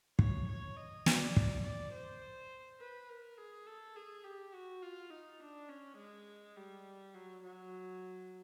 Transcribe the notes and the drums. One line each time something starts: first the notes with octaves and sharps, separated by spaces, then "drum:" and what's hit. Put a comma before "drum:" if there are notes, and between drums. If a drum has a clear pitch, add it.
C#5, drum: kick
C#5
D#5
D5, drum: snare
drum: kick
D5
C5
B4
A#4
G#4
A4
G#4
G4
F#4
F4
D#4
D4
C#4
G#3
G3
F#3
F#3